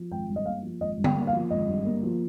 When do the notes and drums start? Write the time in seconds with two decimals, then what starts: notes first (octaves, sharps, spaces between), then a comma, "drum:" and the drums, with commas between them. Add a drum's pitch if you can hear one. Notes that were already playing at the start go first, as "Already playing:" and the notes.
Already playing: F3
0.11 G#1 G5
0.29 G2
0.36 D#5
0.46 A#3 F5
0.63 F3
0.80 G#1 D#5
0.97 G2
1.04 G5, drum: tom D3
1.16 A#3
1.27 F5
1.33 F3
1.50 G#1 D#5
1.68 G2
1.85 A#3
2.03 F3